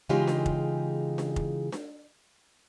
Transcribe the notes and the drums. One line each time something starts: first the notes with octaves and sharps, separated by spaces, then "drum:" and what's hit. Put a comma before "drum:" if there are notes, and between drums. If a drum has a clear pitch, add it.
C#3 E3 G#3 D#4 F4 G4
drum: snare D4
drum: kick F1
drum: snare D4
drum: kick F1
drum: snare D4